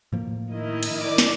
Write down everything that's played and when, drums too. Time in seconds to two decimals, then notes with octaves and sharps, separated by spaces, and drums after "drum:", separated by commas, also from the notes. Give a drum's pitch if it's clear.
0.12 A2 F3 A#3
0.53 D#3 E4 D#5
0.83 drum: cymbal
1.00 D5 D6
1.18 drum: snare